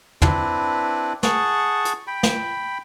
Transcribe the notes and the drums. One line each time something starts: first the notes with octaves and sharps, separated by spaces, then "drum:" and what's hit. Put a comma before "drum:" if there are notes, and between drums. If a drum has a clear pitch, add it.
C4 D4 E4 B4, drum: tom
G#4 F#5 A5 C#6, drum: snare
drum: hi-hat
G5 B5
drum: snare